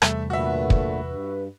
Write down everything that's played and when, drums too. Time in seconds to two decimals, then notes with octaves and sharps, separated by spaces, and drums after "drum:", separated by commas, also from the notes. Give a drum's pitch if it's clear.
0.02 E2 C3 G3 A3 E5, drum: rim click
0.30 A#2 D3 A3 F#4 B4 E5
0.70 drum: kick
1.06 G2